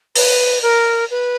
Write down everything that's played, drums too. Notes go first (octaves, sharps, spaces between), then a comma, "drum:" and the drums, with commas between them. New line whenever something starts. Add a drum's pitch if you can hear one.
B4, drum: open hi-hat
A#4
B4